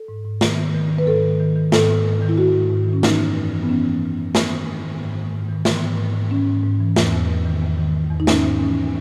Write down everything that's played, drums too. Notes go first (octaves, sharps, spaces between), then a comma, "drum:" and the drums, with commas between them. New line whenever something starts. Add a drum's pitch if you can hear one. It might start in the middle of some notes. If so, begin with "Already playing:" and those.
Already playing: A4
G#2
G#2
D#3, drum: snare
D#3
D#3
D#3
B4
G#2 A4
D#3
D#3
D#3
G#2 A4, drum: snare
G#2
G#2
D#3
E4
D#3 F#4
G#2
G#2
D#3
C#4
E3 D#4, drum: snare
F#2
F#2
E3
B3
F#2 C#4
E3
F#2
F#2
D#3, drum: snare
D#3
G#2
D#3
G#2
D#3
G#2
D#3
E3, drum: snare
G#2
G#2
G#2
G#2 C#4
G#2
G#2
E3
E2, drum: snare
E2
E2
D#3
E2
D#3
E2
E2
D#4
G#2 C#4, drum: snare
G#2
E3 C#4